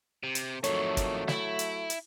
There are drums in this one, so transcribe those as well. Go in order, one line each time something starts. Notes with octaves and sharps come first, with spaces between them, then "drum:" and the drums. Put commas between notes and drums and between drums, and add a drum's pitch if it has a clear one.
C3
drum: hi-hat
F2 D#3 F#3 A3 C#5, drum: hi-hat
drum: kick, hi-hat
E4, drum: snare
drum: hi-hat
drum: hi-hat